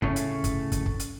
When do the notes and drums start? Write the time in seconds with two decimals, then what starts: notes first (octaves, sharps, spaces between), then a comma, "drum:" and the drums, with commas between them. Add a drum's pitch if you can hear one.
0.02 A2 C#3 A3 C#4, drum: kick
0.16 drum: hi-hat
0.44 drum: kick, hi-hat
0.72 drum: kick, hi-hat
0.86 drum: kick
1.00 drum: hi-hat